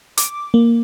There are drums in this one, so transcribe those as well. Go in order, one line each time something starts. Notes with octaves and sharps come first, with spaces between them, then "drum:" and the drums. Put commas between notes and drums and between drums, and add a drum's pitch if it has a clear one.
D6, drum: hi-hat
A#3